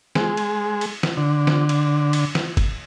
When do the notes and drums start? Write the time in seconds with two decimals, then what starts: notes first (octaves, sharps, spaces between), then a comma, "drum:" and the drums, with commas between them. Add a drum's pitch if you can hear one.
0.15 G#3, drum: snare
0.37 drum: cymbal
0.81 drum: cymbal
1.03 drum: snare
1.17 D3
1.47 drum: snare
1.69 drum: cymbal
2.13 drum: cymbal
2.35 drum: snare
2.57 drum: kick, cymbal